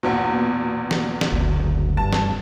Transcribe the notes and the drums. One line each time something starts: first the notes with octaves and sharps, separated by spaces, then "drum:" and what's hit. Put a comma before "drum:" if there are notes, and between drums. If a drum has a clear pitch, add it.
A#1 E2 B2
drum: snare
drum: snare
F#1 D2
G2 A5
drum: snare